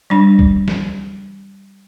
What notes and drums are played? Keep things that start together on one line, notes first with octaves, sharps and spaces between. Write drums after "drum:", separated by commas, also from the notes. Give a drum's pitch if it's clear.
G3 D4
drum: kick
drum: snare